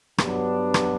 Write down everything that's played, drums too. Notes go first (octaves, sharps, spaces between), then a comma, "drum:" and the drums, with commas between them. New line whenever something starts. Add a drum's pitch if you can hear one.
G2 F#3 B3 D4, drum: rim click
drum: rim click